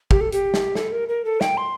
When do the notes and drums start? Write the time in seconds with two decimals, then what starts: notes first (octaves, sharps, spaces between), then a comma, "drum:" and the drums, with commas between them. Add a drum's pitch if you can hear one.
0.11 G4, drum: kick
0.21 A4
0.32 G4, drum: hi-hat
0.54 drum: snare
0.75 A4, drum: snare
0.92 A#4
1.08 A#4
1.25 A4
1.41 G5, drum: snare
1.57 C6